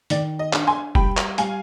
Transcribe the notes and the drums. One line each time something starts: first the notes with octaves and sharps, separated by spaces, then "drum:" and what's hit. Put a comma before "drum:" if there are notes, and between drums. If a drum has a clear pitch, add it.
D#3 D5, drum: hi-hat
D#5
D4, drum: clap
G#5 C6
G3 G5 B5, drum: kick F1
drum: clap
G3 F5 G#5, drum: hi-hat